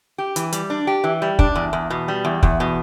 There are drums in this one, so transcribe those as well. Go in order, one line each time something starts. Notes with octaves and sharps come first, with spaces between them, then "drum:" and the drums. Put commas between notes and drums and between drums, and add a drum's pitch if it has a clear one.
G4
E3, drum: hi-hat
G3, drum: hi-hat
D4
G4
E3
G3
D4, drum: kick
E2
E2
B2
G3
E2
E2, drum: kick
B2